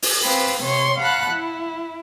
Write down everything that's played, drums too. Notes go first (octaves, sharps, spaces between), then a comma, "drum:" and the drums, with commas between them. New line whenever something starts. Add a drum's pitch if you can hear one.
drum: open hi-hat
C4 B4 F5
C3 C#5 C6
F5 F#5 A5 B5 F#6
E4